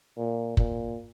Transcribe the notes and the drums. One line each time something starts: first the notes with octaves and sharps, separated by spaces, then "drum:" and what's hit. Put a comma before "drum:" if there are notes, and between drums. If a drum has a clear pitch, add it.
A#2
A#2, drum: kick